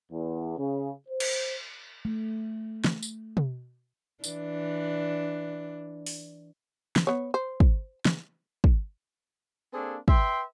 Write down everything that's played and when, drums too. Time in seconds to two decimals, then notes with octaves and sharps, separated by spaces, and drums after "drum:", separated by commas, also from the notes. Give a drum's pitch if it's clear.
0.11 E2
0.58 C#3
1.09 C5
1.20 drum: cymbal
2.05 A3
2.84 drum: snare
3.03 drum: tambourine
3.37 drum: tom
4.24 E3 D4, drum: tambourine
6.06 drum: open hi-hat
6.96 drum: snare
7.07 B3 C#5
7.34 C5
7.60 drum: kick
8.05 drum: snare
8.64 drum: kick
9.73 A#3 C4 D4 G#4 A4
10.08 B4 E5 G5 C6, drum: kick